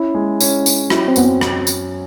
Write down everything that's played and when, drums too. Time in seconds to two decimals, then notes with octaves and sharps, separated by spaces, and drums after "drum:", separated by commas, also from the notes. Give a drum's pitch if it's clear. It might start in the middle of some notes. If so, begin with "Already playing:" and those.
Already playing: C#4 E4
0.14 G#3
0.41 C#4, drum: tambourine
0.66 C#4, drum: tambourine
0.90 F#3 E4, drum: rim click
1.08 C4
1.16 F#2 B3, drum: tambourine
1.24 C4
1.41 drum: rim click
1.67 drum: tambourine